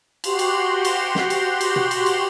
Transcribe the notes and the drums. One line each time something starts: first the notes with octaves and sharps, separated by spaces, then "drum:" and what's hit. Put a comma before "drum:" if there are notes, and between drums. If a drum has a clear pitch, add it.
F#4 G4 C6, drum: cymbal
drum: cymbal
drum: cymbal
drum: snare
drum: cymbal
drum: cymbal
drum: tom
drum: cymbal
drum: cymbal